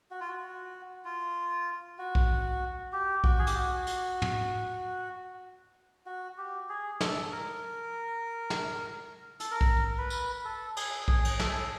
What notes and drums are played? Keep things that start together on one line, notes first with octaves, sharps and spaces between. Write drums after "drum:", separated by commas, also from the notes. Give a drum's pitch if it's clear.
F#4
F4
F#4
F4
F#4
drum: kick B1
G4
F#4, drum: kick B1
G#4
G4, drum: hi-hat
F#4
drum: hi-hat
drum: tom
F#4
G4
G#4
A4, drum: snare
A#4
drum: snare
A4, drum: hi-hat
A#4
drum: kick B1
B4
drum: tambourine
A4
G#4, drum: cymbal
G#4, drum: kick B1
drum: cymbal
A4, drum: snare
G#4
A4